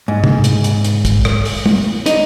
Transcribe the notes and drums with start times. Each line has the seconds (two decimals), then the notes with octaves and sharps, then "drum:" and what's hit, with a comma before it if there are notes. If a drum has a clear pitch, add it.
0.08 G#2
0.24 drum: tom
0.44 drum: hi-hat
0.64 drum: hi-hat
0.85 drum: hi-hat
1.05 drum: kick, hi-hat
1.25 drum: rim click
1.45 drum: open hi-hat
1.66 drum: tom
2.06 D#4, drum: hi-hat